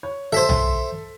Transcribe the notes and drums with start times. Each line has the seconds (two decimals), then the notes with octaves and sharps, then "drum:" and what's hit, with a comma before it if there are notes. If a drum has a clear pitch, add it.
0.03 C#5
0.32 A4 C5 E5 B6
0.49 drum: tom